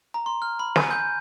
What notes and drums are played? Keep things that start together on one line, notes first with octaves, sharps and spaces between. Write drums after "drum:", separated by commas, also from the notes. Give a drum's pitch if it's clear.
A#5
C6
F6
B5
G#5, drum: snare
G6